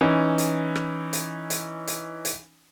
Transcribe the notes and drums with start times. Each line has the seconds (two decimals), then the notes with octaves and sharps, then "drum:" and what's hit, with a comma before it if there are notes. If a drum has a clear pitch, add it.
0.01 E3 C#4 D#4
0.38 drum: hi-hat
0.75 drum: rim click
1.13 drum: hi-hat
1.50 drum: hi-hat
1.87 drum: hi-hat
2.25 drum: hi-hat